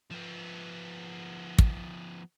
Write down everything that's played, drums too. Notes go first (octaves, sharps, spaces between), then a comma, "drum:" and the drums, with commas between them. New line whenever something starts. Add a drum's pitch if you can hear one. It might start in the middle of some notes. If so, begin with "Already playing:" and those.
F3 B3
drum: kick